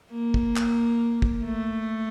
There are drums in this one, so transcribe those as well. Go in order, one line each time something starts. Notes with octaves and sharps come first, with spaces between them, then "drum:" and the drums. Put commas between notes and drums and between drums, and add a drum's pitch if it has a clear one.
A#3
drum: kick
drum: clap
drum: kick
A3